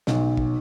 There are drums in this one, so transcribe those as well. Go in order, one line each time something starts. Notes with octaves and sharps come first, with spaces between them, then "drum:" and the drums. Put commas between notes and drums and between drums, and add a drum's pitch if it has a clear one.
B1, drum: snare
drum: kick